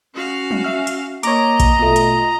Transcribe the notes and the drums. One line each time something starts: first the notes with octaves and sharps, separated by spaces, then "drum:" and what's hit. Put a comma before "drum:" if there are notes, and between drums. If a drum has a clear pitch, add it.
C#4 F#4 F5
drum: tom
E5 F6
drum: hi-hat
A#3 C#5 D#5 A#5 D6, drum: hi-hat
drum: kick A#1, hi-hat
B2 A3 F4
drum: hi-hat